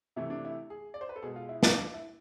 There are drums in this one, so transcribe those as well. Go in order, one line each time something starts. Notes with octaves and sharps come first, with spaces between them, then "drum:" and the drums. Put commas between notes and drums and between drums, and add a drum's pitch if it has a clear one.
C3 E3 A3 E4
D4
E4
G#4
D5
C5
B4
A4
B2 G#3 G#4
F4
E4
D4, drum: snare
D4
E4